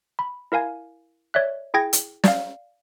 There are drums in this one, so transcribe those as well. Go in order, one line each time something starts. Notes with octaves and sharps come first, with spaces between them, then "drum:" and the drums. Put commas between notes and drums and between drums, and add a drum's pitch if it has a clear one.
B5
E4 A#4 F5 G#5 G#6
C#5 D5 E5 F#6
E4 G#4 G5 G#6 A#6
drum: hi-hat
D5 F5, drum: snare